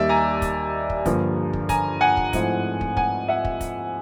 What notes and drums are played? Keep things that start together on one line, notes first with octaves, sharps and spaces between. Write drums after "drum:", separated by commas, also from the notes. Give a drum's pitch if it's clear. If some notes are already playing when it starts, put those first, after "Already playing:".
Already playing: D#2 D#3 G3 D5 E5
G#5 A#5
drum: kick, hi-hat
drum: kick
G2 D3 F3 A#3, drum: kick, hi-hat
drum: kick
G#5 A#5, drum: kick, hi-hat
F#5 G#5
drum: kick
G#2 F3 A3 C4 E4, drum: kick, hi-hat
drum: kick
F#5 G#5, drum: kick
E5 F#5
drum: kick
drum: kick, hi-hat